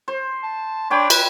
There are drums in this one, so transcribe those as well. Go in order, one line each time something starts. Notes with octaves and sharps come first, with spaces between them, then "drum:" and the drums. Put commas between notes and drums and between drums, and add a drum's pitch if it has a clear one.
C5
A5
D4 C#5 G5 B5
B4, drum: cymbal